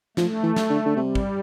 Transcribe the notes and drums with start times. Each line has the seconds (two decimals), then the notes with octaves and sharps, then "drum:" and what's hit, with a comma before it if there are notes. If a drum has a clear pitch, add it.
0.17 F3 A3, drum: snare
0.43 E3
0.56 drum: snare
0.70 D3
0.86 D3
0.96 C3 G3
1.15 drum: kick